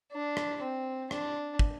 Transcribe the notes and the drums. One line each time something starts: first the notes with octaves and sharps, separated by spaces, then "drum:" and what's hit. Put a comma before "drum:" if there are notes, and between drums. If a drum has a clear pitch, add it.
D4
drum: rim click
C4
D4, drum: rim click
drum: kick